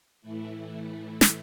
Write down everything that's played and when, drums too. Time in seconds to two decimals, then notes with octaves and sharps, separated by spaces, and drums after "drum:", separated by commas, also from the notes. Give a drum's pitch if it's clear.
0.22 A2 E3 A3 E4
1.21 drum: snare